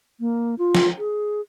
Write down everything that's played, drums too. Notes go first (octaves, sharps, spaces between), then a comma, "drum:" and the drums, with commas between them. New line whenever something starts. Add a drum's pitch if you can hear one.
A#3
F4
drum: snare
G#4